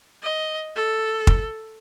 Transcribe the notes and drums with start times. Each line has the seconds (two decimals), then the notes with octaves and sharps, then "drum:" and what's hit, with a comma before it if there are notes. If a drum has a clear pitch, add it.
0.22 D#5
0.75 A4
1.27 drum: kick